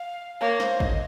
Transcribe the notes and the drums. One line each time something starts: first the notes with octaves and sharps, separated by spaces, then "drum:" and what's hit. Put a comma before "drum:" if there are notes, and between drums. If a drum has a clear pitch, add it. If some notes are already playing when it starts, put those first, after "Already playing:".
Already playing: F5
A#3 C#5
C5, drum: snare
D#5, drum: kick G#1